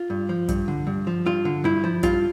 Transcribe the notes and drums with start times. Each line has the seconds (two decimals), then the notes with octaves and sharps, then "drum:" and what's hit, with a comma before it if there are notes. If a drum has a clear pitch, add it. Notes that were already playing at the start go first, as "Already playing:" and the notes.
Already playing: F4
0.10 G2
0.29 F3
0.49 G2, drum: kick, hi-hat
0.68 D3
0.87 G2
1.07 F3
1.26 G2 F4
1.45 D3
1.64 G2 E4
1.84 F3
2.03 G2 F4, drum: kick, hi-hat